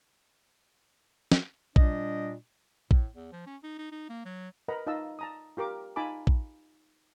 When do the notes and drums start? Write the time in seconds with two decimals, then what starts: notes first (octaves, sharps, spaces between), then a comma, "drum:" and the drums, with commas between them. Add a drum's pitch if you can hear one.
1.32 drum: snare
1.76 A#2 G3 D4 D#5, drum: kick
2.91 A2, drum: kick
3.15 E2
3.32 F3
3.47 C#4
3.63 D#4
3.78 D#4
3.92 D#4
4.09 A#3
4.25 F#3
4.68 A#4 B4 D#5 F#5 A#5 B5
4.87 D#4 F4 D#5 F5 A5 E6
5.19 A5 A#5 D#6
5.57 F4 G4 A#4 D6
5.96 D#4 F4 G#5 A5 B5 D6
6.27 drum: kick